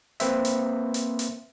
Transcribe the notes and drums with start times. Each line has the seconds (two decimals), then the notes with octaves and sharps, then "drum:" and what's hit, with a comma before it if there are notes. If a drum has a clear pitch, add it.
0.20 A#3 C4 B4 C5 E5, drum: hi-hat
0.45 drum: hi-hat
0.94 drum: hi-hat
1.19 drum: hi-hat